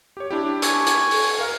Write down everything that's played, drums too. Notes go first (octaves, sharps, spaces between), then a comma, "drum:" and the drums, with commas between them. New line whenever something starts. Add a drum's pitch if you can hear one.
G4 C#5
D4 E4 G4
G#5 C#6, drum: hi-hat
drum: hi-hat
drum: open hi-hat
A#4 F5 F6